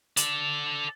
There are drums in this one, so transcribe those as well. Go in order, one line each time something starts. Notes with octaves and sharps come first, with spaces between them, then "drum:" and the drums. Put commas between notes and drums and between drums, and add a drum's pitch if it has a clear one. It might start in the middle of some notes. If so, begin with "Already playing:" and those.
A4 D5, drum: hi-hat